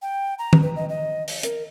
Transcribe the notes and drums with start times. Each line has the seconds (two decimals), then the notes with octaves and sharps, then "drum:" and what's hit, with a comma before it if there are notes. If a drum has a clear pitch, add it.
0.02 G5
0.39 A#5
0.53 drum: tom D#3
0.62 B4
0.76 D#5
0.89 D#5
1.28 drum: open hi-hat
1.43 A#4, drum: hi-hat